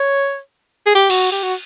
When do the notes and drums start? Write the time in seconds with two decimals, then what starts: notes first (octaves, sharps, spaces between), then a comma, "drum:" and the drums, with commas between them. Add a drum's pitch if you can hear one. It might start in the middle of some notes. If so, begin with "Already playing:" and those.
Already playing: C#5
0.86 G#4
0.95 G4
1.10 F#4, drum: cymbal
1.32 G4
1.43 F#4